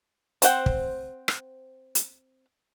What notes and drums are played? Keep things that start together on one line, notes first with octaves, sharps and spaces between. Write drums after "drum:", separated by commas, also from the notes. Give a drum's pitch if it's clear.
C4 C5 F#5 G5, drum: hi-hat
drum: kick
drum: rim click
drum: hi-hat